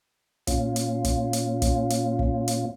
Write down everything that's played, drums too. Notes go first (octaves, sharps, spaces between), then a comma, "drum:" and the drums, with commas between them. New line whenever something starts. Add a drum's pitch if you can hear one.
A#2 C#4 F4, drum: kick, hi-hat
drum: hi-hat
drum: kick, hi-hat
drum: hi-hat
drum: kick, hi-hat
drum: hi-hat
drum: kick
drum: hi-hat